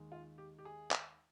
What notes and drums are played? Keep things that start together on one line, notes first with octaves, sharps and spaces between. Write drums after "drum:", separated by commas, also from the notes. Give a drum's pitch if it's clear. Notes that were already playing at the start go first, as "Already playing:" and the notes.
Already playing: D#2 D#3 G#3
F4
G4
G4
G#4
drum: clap